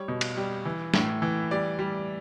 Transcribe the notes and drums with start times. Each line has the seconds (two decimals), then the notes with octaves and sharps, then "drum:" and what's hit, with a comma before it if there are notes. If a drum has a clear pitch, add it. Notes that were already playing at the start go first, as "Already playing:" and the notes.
Already playing: G3 C#5
0.08 B2
0.21 drum: cymbal
0.37 G3
0.65 E3
0.94 A2, drum: snare
1.22 E3
1.51 G3 D5
1.79 G3